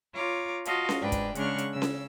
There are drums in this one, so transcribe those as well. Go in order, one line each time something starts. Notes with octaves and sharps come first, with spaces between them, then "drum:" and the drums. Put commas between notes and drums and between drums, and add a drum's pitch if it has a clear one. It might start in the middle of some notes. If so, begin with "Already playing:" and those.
F4 C#5 A#5 D6
F4 F#4 D#5 F5 A5, drum: hi-hat
drum: snare C#4
G#2 D4 B4 D5 G5
drum: kick, hi-hat
C#3 G#3 D4 F#5 C#6 F6, drum: hi-hat
drum: hi-hat
C#3 E6
drum: snare C#4